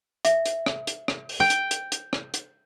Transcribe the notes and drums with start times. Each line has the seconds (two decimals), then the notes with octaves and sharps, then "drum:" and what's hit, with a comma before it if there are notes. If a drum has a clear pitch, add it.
0.25 E5, drum: hi-hat
0.46 drum: hi-hat
0.66 drum: rim click
0.87 drum: hi-hat
1.08 drum: rim click
1.29 drum: open hi-hat
1.40 G5
1.50 drum: hi-hat
1.71 drum: hi-hat
1.92 drum: hi-hat
2.13 drum: rim click
2.34 drum: hi-hat